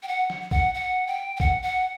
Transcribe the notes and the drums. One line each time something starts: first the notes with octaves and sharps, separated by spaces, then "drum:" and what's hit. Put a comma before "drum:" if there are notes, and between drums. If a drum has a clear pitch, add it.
G5
F#5
drum: snare F3
F#5, drum: kick
F#5
G5
G5
F#5, drum: kick
F#5